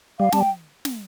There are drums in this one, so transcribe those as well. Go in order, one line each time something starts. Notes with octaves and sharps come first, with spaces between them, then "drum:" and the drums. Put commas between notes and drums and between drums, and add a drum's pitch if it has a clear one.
G3 F5
G3 A5, drum: snare
G5
drum: snare